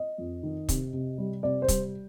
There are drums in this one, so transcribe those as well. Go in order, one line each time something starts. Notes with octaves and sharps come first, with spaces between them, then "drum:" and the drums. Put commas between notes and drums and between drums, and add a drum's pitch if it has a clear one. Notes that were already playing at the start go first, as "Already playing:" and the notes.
Already playing: D#5
F2
D#3
C3, drum: kick, hi-hat
C3
G3
C3 D5
C5
G3, drum: kick, hi-hat